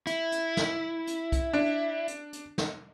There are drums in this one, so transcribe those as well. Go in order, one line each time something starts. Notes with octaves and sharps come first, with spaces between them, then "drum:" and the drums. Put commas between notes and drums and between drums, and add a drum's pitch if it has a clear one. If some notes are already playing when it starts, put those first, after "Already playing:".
E4, drum: hi-hat
drum: hi-hat
drum: snare
drum: hi-hat
drum: kick, hi-hat
D4
drum: hi-hat
drum: hi-hat
drum: snare